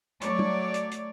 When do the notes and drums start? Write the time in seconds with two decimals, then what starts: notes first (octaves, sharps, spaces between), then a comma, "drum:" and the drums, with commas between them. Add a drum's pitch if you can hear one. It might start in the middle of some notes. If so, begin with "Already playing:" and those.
0.22 F#3 A3 C#5 D5, drum: hi-hat
0.39 drum: tom
0.74 drum: hi-hat
0.92 drum: hi-hat